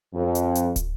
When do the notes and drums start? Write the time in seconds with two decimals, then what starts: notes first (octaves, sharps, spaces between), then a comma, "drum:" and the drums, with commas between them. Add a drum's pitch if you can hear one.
0.15 F2
0.35 drum: hi-hat
0.55 drum: hi-hat
0.76 drum: kick, hi-hat